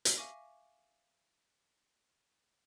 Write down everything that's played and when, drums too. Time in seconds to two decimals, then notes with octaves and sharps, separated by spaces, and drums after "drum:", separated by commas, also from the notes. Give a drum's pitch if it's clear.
0.05 drum: hi-hat
0.17 E5 F5 G#5 C#6 D6 A#6